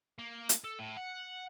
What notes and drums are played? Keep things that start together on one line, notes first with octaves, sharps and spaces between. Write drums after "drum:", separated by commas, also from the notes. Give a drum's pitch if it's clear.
A#3
drum: hi-hat
A4
A2
F#5